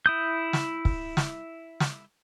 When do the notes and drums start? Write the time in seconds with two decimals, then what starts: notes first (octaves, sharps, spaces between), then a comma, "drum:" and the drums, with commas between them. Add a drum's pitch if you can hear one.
0.06 E4 D#6 G6
0.53 drum: snare
0.85 drum: kick
1.17 drum: snare
1.80 drum: snare